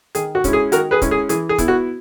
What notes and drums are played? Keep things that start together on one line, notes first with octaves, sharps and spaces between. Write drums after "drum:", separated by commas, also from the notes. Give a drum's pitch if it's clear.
D#3 G#4, drum: hi-hat
F#4
G#3 C#4 E4, drum: kick, hi-hat
G#4
D#3 F#4 A#4, drum: hi-hat
G#4 B4
G#3 C#4 E4, drum: kick, hi-hat
G#4
E3 G#4, drum: hi-hat
G#4
B3 E4, drum: kick, hi-hat
F#4